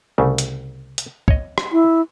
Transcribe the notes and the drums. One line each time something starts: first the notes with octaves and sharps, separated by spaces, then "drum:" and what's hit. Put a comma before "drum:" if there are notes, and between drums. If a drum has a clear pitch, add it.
C2 C#3 A3
drum: hi-hat
drum: hi-hat
C#5 D#5, drum: kick
drum: rim click
E4